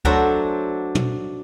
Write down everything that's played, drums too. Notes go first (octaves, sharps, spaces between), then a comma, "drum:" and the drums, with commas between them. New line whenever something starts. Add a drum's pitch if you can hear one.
F#3 A3 D4 C5 E5 A#5, drum: kick D2
drum: tom